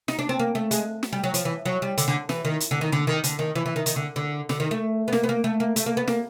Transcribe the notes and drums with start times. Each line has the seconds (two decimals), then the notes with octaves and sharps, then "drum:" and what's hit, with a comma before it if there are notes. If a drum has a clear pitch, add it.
0.08 D#4, drum: snare
0.19 D4
0.29 C4
0.39 A#3
0.55 A3
0.71 G#3, drum: hi-hat
1.03 drum: snare
1.13 G3
1.24 F#3
1.34 F3, drum: hi-hat
1.45 E3
1.65 F#3
1.82 G3
1.98 D3, drum: hi-hat
2.08 D3
2.29 E3, drum: snare
2.45 D#3
2.60 drum: hi-hat
2.71 D3
2.81 D#3
2.92 D3
3.07 D#3
3.24 D3, drum: hi-hat
3.39 D#3
3.56 E3
3.66 E3
3.76 D#3
3.86 D#3, drum: hi-hat
3.96 D3
4.16 D3
4.49 D3, drum: snare
4.60 D#3
4.71 A3
5.08 B3
5.13 A#3, drum: snare
5.24 B3
5.29 A#3
5.44 A3
5.60 A#3
5.76 A3, drum: hi-hat
5.86 A#3
5.97 B3
6.08 A#3, drum: snare